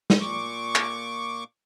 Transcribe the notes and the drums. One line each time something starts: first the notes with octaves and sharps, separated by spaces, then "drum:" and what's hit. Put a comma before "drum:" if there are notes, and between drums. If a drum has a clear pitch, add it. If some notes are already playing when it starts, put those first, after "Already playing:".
drum: snare
A#2 C#6 D6
drum: clap